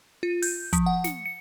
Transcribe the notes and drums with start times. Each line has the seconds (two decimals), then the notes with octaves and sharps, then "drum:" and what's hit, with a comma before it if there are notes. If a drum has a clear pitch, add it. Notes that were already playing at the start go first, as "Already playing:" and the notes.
0.23 F4
0.42 G6, drum: open hi-hat
0.73 F3, drum: kick, hi-hat
0.86 F#5
1.04 C#7, drum: snare
1.26 C#7